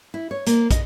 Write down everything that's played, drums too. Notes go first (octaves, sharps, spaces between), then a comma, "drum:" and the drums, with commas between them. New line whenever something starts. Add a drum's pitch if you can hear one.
E4
C#5
A#3, drum: hi-hat
D#5, drum: kick, hi-hat